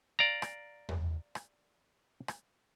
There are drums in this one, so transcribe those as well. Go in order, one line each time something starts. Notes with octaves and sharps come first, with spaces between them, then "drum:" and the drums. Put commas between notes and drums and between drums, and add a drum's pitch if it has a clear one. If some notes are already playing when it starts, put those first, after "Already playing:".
D5 F5 A#5
drum: rim click
drum: tom E2
drum: rim click
drum: rim click